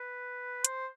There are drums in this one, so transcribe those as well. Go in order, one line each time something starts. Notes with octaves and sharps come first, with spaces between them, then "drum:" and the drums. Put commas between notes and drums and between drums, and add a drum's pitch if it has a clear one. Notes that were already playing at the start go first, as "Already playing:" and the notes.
Already playing: B4
C5, drum: hi-hat